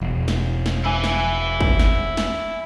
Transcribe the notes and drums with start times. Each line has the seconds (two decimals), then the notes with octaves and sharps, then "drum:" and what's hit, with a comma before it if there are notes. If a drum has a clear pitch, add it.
0.01 E1
0.28 drum: snare
0.66 drum: snare
0.85 E4 G#5
1.04 drum: snare
1.60 drum: kick
1.79 drum: snare
2.17 drum: snare